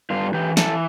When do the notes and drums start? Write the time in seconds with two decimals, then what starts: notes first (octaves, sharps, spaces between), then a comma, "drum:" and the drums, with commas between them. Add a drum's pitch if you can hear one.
0.10 G2 F4
0.33 E3 G4
0.57 E3 A4, drum: snare